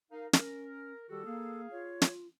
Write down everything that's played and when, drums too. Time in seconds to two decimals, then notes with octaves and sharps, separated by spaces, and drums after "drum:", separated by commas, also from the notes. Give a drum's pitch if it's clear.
0.11 D#4 A#4 F5
0.33 C#4 A#4, drum: snare
1.09 D#3 G3 F#4 G4 A4
1.25 A#3 G#4 F5
1.71 F4 C#5
2.02 drum: snare